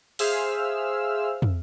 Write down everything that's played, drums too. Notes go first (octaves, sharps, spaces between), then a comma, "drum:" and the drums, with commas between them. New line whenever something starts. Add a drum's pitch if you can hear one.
G#4 C5 E5 F5 E6 F6, drum: open hi-hat
drum: tom